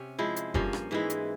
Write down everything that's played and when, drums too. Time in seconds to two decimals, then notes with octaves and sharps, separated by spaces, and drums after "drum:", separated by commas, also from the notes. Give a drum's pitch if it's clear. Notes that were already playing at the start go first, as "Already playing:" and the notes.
Already playing: C3 C#4
0.19 F3 G#3 E4
0.36 drum: hi-hat
0.54 G2 F3 A#3 C#4, drum: kick F#1
0.73 drum: rim click
0.91 G#2 E3 G#3 E4
1.10 drum: hi-hat